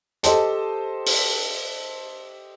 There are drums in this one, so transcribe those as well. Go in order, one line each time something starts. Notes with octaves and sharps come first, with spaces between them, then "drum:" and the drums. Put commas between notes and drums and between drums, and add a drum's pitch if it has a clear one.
G4 A4 C5 D#5 G5 A5, drum: hi-hat
drum: open hi-hat